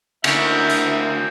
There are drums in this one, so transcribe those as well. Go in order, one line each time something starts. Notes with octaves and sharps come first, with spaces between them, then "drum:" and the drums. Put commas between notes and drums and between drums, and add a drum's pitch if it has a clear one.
D2 D3 A#3 C#4 E4 A#4 E5 F#5, drum: cymbal
drum: hi-hat